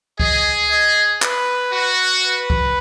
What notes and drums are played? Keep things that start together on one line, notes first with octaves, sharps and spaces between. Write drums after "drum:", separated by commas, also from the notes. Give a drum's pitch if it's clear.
G#4 D#5, drum: kick C#2
D#5
B4, drum: clap
F#4
B4
drum: kick C#2